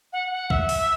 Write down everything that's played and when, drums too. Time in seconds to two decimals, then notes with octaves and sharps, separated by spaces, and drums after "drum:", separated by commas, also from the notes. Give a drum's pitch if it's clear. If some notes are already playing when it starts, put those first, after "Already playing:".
0.12 F#5
0.31 F#5
0.50 E5, drum: kick
0.69 drum: open hi-hat